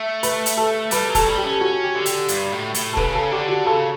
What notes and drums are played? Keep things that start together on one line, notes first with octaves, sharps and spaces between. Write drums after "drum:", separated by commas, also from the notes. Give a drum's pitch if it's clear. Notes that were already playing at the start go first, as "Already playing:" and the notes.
Already playing: A3
B4, drum: hi-hat
drum: hi-hat
A4
G3 B4, drum: hi-hat
F#3
A4, drum: kick, hi-hat
G3
G4
C#4
C#4 F#4
G4
D3
G4, drum: hi-hat
G2, drum: hi-hat
A2
A2, drum: hi-hat
A4
C#3 B4, drum: kick
A4
D3 G4
F#4
C#3 A4